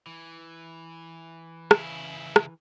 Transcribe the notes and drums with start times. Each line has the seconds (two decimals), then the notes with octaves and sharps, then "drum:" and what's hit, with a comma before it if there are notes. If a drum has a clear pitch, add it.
0.06 E3
1.71 C#3 E4, drum: rim click
2.36 drum: rim click